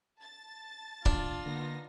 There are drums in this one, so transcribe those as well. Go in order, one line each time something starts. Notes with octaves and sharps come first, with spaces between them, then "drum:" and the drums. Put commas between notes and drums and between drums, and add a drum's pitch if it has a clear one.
A5 A6
D2 G#2 D4 F4, drum: kick C#1
D3 A#3 B3 D#4 A#6